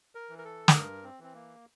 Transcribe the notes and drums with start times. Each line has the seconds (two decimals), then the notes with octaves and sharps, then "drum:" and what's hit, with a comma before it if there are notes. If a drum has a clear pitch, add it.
0.15 A#4
0.30 E3
0.38 A#4
0.45 A4
0.68 C5, drum: snare
0.74 G2 A#4
1.04 C4
1.19 E3 C4
1.34 A#3